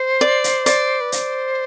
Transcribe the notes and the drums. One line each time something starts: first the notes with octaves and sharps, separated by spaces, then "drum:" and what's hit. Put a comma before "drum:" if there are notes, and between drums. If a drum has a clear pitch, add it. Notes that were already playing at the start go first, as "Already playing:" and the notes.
Already playing: C5
D5
drum: hi-hat
D5, drum: hi-hat
B4
C5, drum: hi-hat